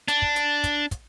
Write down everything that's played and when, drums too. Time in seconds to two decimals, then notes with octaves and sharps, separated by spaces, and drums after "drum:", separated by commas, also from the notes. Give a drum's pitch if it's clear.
0.08 D4, drum: hi-hat
0.22 drum: kick
0.36 drum: hi-hat
0.64 drum: kick, hi-hat
0.91 drum: kick, hi-hat